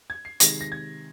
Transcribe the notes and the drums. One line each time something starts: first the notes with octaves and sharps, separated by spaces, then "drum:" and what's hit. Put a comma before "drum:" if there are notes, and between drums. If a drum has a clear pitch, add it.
G#6
C7
C3 D#3 G#3 A#6, drum: hi-hat
A#6
G#6